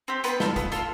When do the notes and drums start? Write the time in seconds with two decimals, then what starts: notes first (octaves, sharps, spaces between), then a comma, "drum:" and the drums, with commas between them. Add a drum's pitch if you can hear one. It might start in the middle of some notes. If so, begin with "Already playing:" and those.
0.08 C4 G4
0.24 B3 B4, drum: hi-hat
0.40 F4 A4, drum: snare
0.56 B3, drum: kick, hi-hat
0.72 F4 A4, drum: hi-hat